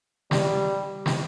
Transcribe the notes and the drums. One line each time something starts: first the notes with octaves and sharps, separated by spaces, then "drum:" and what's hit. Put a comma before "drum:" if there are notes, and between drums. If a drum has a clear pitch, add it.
G3, drum: snare
drum: snare